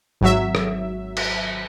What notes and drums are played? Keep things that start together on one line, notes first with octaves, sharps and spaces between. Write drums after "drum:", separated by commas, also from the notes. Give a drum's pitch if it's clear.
G#1 F#3 E5
drum: rim click
drum: cymbal